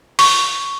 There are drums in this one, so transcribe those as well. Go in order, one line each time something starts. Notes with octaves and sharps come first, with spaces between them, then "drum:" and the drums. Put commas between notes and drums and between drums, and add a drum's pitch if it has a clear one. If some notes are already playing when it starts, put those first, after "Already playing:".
C#6, drum: open hi-hat